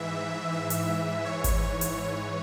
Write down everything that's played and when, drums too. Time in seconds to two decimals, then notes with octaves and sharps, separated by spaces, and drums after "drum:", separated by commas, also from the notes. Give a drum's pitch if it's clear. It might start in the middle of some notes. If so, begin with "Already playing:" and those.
Already playing: G#2 E3 E5
0.52 E5
0.70 drum: hi-hat
1.25 G#2 E3 C#5
1.44 drum: kick G#1, hi-hat
1.81 drum: hi-hat
2.00 C#5